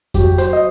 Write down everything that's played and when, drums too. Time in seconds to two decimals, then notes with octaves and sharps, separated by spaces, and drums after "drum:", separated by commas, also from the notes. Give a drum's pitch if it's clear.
0.14 F#3 G4, drum: kick F2, hi-hat
0.38 C5, drum: hi-hat
0.53 D#5